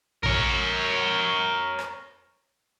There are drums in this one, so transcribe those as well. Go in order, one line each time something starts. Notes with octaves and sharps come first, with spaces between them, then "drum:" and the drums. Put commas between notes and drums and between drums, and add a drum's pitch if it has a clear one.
A#4 C#5, drum: tom A#1
drum: rim click